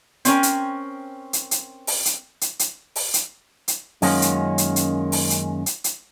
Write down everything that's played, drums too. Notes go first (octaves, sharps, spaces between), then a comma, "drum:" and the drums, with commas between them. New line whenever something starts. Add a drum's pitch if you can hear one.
C4 C#4 A#4, drum: hi-hat
drum: hi-hat
drum: hi-hat
drum: hi-hat
drum: open hi-hat
drum: hi-hat
drum: hi-hat
drum: hi-hat
drum: open hi-hat
drum: hi-hat
drum: hi-hat
F#2 D#3 G#3 A#3 C#4 F4, drum: open hi-hat
drum: hi-hat
drum: hi-hat
drum: hi-hat
drum: open hi-hat
drum: hi-hat
drum: hi-hat
drum: hi-hat